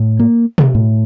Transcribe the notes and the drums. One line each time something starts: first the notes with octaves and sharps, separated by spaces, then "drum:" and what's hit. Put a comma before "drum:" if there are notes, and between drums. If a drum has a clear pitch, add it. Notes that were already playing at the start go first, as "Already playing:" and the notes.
Already playing: A2
A#3
drum: tom B2
A2